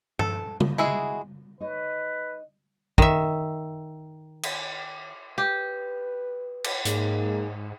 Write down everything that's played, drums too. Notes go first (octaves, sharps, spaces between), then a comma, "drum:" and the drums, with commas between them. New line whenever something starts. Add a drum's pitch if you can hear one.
A4, drum: tom G2
drum: tom
G#3 E4 F#4 G#4
D#4 B4 C#5 D#5
D#3 E5, drum: kick
drum: cymbal
G4 B4
drum: cymbal
G#2 A#3 D#4 G#4, drum: hi-hat